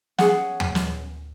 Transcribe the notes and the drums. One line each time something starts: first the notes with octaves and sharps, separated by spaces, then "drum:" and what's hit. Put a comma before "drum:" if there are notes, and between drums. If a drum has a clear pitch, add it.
C#4 G#4 F#5, drum: snare
drum: tom D#2
drum: snare